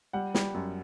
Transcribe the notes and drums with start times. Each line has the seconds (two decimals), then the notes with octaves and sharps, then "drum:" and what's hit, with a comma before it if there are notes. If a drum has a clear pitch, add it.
0.13 G3 F#5
0.34 G3, drum: snare
0.54 F#2